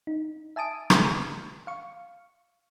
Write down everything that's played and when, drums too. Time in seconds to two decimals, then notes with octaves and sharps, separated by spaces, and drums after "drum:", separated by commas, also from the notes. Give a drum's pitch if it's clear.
0.07 D#4
0.56 E5 G#5 A5 D#6 D7
0.90 drum: rim click
1.67 F5 C#6